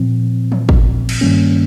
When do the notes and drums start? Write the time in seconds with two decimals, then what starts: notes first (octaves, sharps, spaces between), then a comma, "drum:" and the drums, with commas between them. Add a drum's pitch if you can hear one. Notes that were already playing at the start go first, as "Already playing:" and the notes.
Already playing: A#2 F3 C4
0.52 drum: tom
0.69 drum: kick
1.09 drum: cymbal
1.21 G2 D#3 G3 A#3 C#4